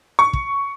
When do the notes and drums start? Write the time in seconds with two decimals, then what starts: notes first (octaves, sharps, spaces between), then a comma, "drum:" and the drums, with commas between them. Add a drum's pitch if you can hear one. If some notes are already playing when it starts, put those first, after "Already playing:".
0.19 C#6
0.33 drum: kick